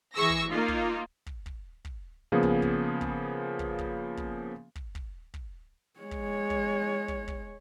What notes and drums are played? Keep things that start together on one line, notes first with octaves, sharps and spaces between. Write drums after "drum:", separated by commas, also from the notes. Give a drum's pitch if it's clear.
E3 G#4 C#6 E6 A#6
drum: kick
A#3 D#4 F4
drum: kick
drum: kick
drum: kick
drum: kick
C#3 F3 A#3 B3 G#4
drum: kick
drum: kick
drum: kick
drum: kick
drum: kick
drum: kick
drum: kick
drum: kick
drum: kick
G#3 C#5
drum: kick
drum: kick
drum: kick
drum: kick